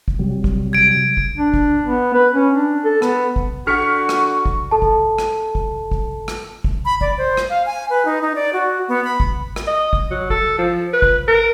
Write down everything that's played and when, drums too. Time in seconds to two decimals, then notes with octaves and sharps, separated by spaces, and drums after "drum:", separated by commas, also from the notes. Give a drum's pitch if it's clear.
0.08 drum: kick
0.19 C3 F#3 G3
0.44 drum: kick
0.73 G#6 D7
1.17 drum: kick
1.38 D4
1.54 drum: kick
1.85 B3
2.14 B4
2.33 C#4
2.55 D4
2.84 A4
3.02 B3, drum: rim click
3.36 drum: kick
3.67 D3 F#4 C#6 F6 B6 C#7
4.09 drum: rim click
4.46 drum: kick
4.71 A4 A5
4.82 drum: kick
5.18 drum: rim click
5.55 drum: kick
5.91 drum: kick
6.28 drum: rim click
6.64 drum: kick
6.85 B5
7.01 D5, drum: kick
7.18 C5
7.37 drum: rim click
7.50 F5
7.66 G#5
7.90 B4
8.05 D#4
8.22 D#4
8.35 D5
8.53 F#4
8.88 B3
9.04 B5
9.20 drum: kick
9.56 drum: rim click
9.67 D#5
9.93 drum: kick
10.11 F#3
10.30 A4, drum: kick
10.59 F3
10.93 B4
11.02 drum: kick
11.28 A#4